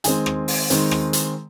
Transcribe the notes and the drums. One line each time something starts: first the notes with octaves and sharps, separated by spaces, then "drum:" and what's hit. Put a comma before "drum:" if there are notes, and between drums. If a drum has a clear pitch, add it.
D#3 G#3 C4 G#4 G#5, drum: hi-hat
drum: rim click
drum: open hi-hat
D#3 G#3 C4, drum: hi-hat
drum: rim click
drum: hi-hat